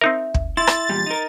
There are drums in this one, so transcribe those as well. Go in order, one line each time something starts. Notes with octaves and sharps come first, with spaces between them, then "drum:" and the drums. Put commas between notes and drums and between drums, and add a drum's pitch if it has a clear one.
C4 D#4 A#4 E5
drum: kick
E4 C6 A6
drum: rim click
E2 A#2 G3
D#4 A#4